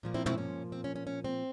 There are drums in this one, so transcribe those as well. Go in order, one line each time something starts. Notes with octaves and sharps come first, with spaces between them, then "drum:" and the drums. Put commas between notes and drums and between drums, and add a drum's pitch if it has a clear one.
A#2 F3 A#3
C4 E4
C4 E4, drum: tom
C#4
C4
C#4
C#4
C#4
C4